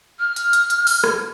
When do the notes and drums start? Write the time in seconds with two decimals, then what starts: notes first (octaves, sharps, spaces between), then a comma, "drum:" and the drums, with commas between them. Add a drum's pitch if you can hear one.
0.20 F6
0.36 drum: hi-hat
0.53 drum: hi-hat
0.70 drum: hi-hat
0.87 drum: open hi-hat
1.04 drum: rim click